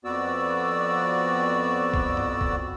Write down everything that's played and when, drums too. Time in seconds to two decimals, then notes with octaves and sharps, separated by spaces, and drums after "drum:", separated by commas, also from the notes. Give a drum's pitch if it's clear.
0.05 F2 B3 F#4 D5 E6
1.94 drum: kick
2.17 drum: tom G2
2.41 drum: kick